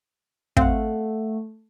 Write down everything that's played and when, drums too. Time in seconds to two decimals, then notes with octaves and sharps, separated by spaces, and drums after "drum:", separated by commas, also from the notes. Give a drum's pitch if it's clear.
0.57 A3 C4 F5 F#5, drum: kick